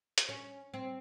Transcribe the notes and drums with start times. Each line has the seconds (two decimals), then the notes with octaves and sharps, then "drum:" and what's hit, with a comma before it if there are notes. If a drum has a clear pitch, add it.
0.18 drum: hi-hat
0.29 C#4
0.74 C4